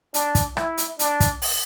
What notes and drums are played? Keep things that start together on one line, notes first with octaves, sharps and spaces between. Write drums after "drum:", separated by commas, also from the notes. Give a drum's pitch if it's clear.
D4, drum: hi-hat
drum: kick, hi-hat
E4, drum: rim click
drum: hi-hat
D4, drum: hi-hat
drum: kick, hi-hat
drum: open hi-hat